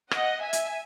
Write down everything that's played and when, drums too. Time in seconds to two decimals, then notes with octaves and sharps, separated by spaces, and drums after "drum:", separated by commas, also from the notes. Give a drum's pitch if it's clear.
0.11 D#5 F#5, drum: rim click
0.42 E5 G#5
0.53 drum: hi-hat